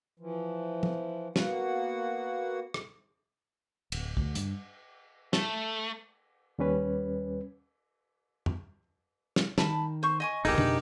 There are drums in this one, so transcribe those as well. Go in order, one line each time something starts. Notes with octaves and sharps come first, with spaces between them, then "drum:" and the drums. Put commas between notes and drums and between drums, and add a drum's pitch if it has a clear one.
E3 F3
drum: tom
A#3 B3 F#4 F#5, drum: snare
drum: rim click
D1, drum: cymbal
D2, drum: kick
G2, drum: hi-hat
A3, drum: snare
D#2 G3 C#4 B4
drum: tom
drum: snare
D#3 A5 B5, drum: snare
C5 C#6
D#5 G#5 C#6
E1 C2 D#4 G4 G#4 A#4 E5, drum: open hi-hat
F2 B2 D4, drum: tom